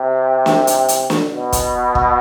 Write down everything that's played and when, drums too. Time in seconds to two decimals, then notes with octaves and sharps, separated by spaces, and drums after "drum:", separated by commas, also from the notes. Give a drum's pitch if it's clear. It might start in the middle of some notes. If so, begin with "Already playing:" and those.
Already playing: C3
0.46 drum: snare
0.67 drum: hi-hat
0.89 drum: hi-hat
1.10 drum: snare
1.32 B2
1.52 drum: kick, hi-hat
1.95 drum: kick